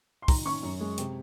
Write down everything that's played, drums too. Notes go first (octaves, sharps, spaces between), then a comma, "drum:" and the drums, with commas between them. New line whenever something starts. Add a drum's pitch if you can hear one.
C6
D#3 A#5, drum: kick, open hi-hat
C#4 C#6
F#2
G#3
C3, drum: hi-hat